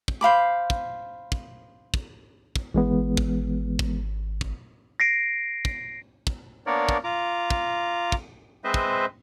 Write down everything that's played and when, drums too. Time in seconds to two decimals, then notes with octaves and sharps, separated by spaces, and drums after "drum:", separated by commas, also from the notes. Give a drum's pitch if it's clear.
0.08 drum: kick
0.21 C5 F5 B5 D6
0.70 drum: kick
1.32 drum: kick
1.94 drum: kick
2.56 drum: kick
2.74 G#1 E3 G#3 B3
3.17 drum: kick
3.79 drum: kick
4.41 drum: kick
5.00 A#6 C7 D7
5.65 drum: kick
6.27 drum: kick
6.66 A#3 B3 D4 A#4 C#5 D5
6.89 drum: kick
7.04 F4 A#5 D6
7.50 drum: kick
8.12 drum: kick
8.64 G#3 C4 B4 C5 D#5 E5
8.74 drum: kick